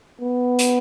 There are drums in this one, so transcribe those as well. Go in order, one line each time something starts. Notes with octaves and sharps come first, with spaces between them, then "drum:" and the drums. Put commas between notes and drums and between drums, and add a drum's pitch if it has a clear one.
B3
drum: hi-hat